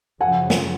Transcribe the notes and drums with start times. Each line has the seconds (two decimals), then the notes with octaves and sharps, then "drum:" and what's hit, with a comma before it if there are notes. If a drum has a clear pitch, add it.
0.21 F#2 C#3 F3 F#5 G#5
0.50 drum: snare